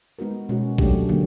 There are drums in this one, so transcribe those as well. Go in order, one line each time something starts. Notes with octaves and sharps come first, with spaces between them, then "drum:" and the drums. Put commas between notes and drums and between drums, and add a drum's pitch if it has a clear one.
G#3 B3 D#4 F#4 A#4
B2 G#3 C#4 F#4
F#3 A3 D4 G4, drum: kick A1
D3 F#3 A#3